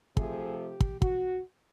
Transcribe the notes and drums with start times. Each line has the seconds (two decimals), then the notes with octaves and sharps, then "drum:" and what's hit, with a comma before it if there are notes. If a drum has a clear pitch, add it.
0.17 C3 F3 A3 G#4, drum: kick
0.59 G4
0.80 drum: kick
1.02 F#4, drum: kick